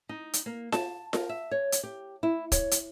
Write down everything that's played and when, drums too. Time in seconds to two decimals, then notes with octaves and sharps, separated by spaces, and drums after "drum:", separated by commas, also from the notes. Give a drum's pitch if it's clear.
0.09 D#4
0.33 drum: hi-hat
0.46 A#3
0.72 A5, drum: snare F4
1.13 A#4, drum: snare F4
1.29 E5
1.51 C#5
1.72 drum: hi-hat
1.83 G4
2.23 E4
2.52 C#5, drum: kick, hi-hat
2.71 drum: hi-hat